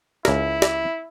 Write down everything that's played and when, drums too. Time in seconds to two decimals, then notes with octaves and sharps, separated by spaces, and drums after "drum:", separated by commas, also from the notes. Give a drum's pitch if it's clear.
0.25 C#2 E4 A#4, drum: snare
0.62 drum: snare